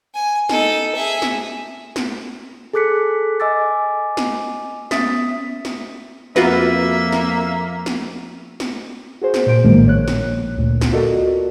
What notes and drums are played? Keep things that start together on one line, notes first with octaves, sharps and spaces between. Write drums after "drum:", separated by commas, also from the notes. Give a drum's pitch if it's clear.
G#5
D#4 A4, drum: snare
G#4 E5
drum: snare
drum: snare
G#4 A4 D6 F#6 B6 C#7
D#5 G#5 D6 E6 A6
drum: snare
B3 C#4 E5 D#6 A6 B6, drum: snare
drum: snare
F2 A#3 F4 F#4 B4 E5, drum: snare
drum: snare
drum: snare
drum: snare
F#4 G#4 C5
drum: snare
A#2 C5 D7
A#1 A2 D#3 F3 G#3 A#3
A#1 C#5 F#6
drum: snare
D2 A#2
drum: snare
F4 F#4 A4 A#4 D5 D#5